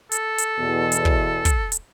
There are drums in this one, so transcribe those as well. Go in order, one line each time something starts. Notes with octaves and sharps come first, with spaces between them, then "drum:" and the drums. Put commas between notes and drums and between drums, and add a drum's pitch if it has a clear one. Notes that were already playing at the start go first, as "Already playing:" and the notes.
A4, drum: hi-hat
drum: hi-hat
E2 B2
drum: hi-hat
drum: kick
drum: kick, hi-hat
drum: hi-hat